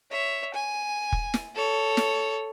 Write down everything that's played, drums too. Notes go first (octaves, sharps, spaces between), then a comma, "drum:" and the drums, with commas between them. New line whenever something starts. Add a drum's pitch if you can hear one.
C#5 E5
G#5
drum: kick
drum: snare
A4 C#5
drum: snare